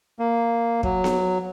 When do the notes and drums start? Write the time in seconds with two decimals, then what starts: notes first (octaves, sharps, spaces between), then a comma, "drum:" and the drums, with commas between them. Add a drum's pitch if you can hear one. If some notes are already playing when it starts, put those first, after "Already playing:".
0.19 A#3
0.83 F#3, drum: kick
1.04 drum: snare B3